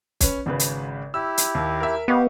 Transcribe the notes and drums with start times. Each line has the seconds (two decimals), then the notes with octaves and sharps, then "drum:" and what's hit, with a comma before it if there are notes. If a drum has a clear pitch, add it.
0.20 C#4 B4, drum: kick, hi-hat
0.46 G#1 C#3 B4
0.59 drum: hi-hat
1.14 E4 G4 E6
1.37 drum: hi-hat
1.55 D#2
1.80 A#4 E5
2.08 B3 G4 D#5 F5 C#6